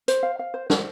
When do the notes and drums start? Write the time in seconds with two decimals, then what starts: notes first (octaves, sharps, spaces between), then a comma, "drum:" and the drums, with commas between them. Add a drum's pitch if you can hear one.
0.08 C5, drum: hi-hat
0.23 F5
0.39 F5
0.54 C5
0.70 C5, drum: snare